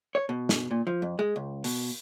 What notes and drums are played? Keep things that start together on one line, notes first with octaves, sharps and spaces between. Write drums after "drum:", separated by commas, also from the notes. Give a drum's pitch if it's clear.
C#5
B2
drum: snare
A#2
F3
F2
G#3
C#2
B2, drum: open hi-hat